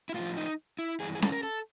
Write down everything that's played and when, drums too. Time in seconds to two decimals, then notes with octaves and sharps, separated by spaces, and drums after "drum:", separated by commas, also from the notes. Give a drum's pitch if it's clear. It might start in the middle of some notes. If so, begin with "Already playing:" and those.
0.09 E4
0.14 A2 F3 F4
0.37 D#4
0.79 E4
1.00 G2 E3 G#4
1.15 G#4
1.22 A4, drum: snare C#4
1.32 A#4
1.43 A4